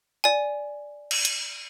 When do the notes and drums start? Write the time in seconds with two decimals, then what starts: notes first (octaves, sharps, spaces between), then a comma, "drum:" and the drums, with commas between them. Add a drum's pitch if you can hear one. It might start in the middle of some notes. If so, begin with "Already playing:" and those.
0.24 D5 G#5
1.11 drum: cymbal
1.25 drum: hi-hat